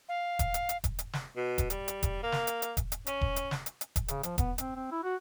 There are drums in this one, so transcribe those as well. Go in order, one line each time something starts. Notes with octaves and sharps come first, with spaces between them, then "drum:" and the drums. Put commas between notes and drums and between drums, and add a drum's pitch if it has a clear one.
F5
drum: kick E1, hi-hat
drum: hi-hat
drum: hi-hat
drum: kick E1, hi-hat
drum: hi-hat
drum: snare
B2
drum: kick E1, hi-hat
G3, drum: hi-hat
drum: hi-hat
drum: kick E1, hi-hat
A#3
drum: snare
drum: hi-hat
drum: hi-hat
drum: kick E1, hi-hat
drum: hi-hat
C#4, drum: hi-hat
drum: kick E1
drum: hi-hat
drum: snare
drum: hi-hat
drum: hi-hat
drum: kick E1, hi-hat
C#3, drum: hi-hat
F3, drum: hi-hat
B3, drum: kick E1, hi-hat
C4, drum: hi-hat
C4
E4
F#4